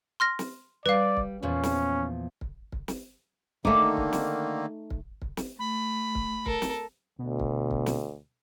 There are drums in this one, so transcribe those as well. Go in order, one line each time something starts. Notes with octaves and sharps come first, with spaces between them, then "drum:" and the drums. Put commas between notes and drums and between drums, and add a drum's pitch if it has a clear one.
C6 F6 A#6
drum: snare
G3 B4 D5 F5
drum: kick
E2 A#2 F3 C#4
drum: snare
drum: kick
drum: kick
drum: snare
D3 D#3 A3 A#3 D#4 D6, drum: kick
drum: kick
drum: snare
drum: kick
drum: kick
drum: snare
A3 B5
drum: kick
A4 A#4, drum: kick
drum: snare
D2 B2
drum: kick
drum: kick
drum: snare